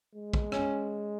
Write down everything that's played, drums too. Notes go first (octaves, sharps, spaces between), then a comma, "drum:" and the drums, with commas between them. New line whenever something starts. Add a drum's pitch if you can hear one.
G#3
drum: kick
C#4, drum: rim click